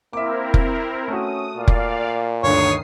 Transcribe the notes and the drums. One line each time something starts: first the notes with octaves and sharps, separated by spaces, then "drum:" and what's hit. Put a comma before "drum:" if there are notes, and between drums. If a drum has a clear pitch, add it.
A#3 C4 E4 A#4 E5 D6
drum: kick F1
A3 C#4 F#4 D#6
A#2 D5 F5
drum: kick F1
G1 D2 G2 D#3 C#5 D#6 C7